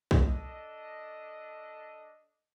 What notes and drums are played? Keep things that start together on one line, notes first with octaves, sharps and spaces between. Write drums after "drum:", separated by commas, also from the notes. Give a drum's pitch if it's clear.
drum: kick
D4 A4 D#5